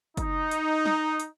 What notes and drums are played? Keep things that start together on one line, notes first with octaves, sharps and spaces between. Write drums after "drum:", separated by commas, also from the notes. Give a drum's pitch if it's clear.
D#4, drum: kick, hi-hat
drum: hi-hat
drum: snare
drum: hi-hat